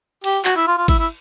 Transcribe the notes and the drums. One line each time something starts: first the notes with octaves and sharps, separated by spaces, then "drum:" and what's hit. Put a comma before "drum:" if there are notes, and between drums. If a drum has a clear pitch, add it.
G4, drum: cymbal
F#4, drum: clap
E4
F4
F4
E4, drum: kick, cymbal
E4